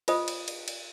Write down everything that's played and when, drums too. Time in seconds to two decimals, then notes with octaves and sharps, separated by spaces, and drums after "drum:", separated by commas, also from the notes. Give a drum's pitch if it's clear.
0.08 F4 B4 C5 D#5 D#6, drum: cymbal
0.28 drum: cymbal
0.48 drum: cymbal
0.68 drum: cymbal